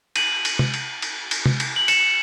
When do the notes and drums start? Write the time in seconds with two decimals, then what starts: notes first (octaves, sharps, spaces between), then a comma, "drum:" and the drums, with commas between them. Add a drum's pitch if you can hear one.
0.16 D#7 F#7, drum: cymbal
0.45 drum: cymbal
0.59 drum: tom
0.74 drum: cymbal
1.02 drum: cymbal
1.31 drum: cymbal
1.46 drum: tom
1.60 drum: cymbal
1.76 F#7
1.88 C#7 E7, drum: cymbal